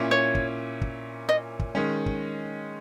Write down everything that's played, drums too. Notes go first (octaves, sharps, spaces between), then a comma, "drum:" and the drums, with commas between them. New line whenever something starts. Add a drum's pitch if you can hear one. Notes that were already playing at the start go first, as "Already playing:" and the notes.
Already playing: A#2 A#3 C#4 E4
C#5
drum: kick
drum: kick
D#5
drum: kick
D#3 G#3 C#4
drum: kick